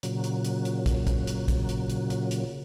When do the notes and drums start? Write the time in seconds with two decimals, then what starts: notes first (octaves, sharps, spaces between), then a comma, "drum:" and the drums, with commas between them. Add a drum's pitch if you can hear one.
0.03 A#2 C#3 F#3, drum: hi-hat
0.24 drum: hi-hat
0.45 drum: hi-hat
0.65 drum: hi-hat
0.86 drum: kick, hi-hat
1.07 drum: kick, hi-hat
1.27 drum: hi-hat
1.48 drum: kick, hi-hat
1.69 drum: hi-hat
1.90 drum: hi-hat
2.10 drum: hi-hat
2.31 drum: hi-hat